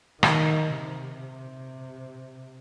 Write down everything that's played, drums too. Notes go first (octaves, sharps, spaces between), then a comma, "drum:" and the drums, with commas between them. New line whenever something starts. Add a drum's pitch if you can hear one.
D#3, drum: rim click
C3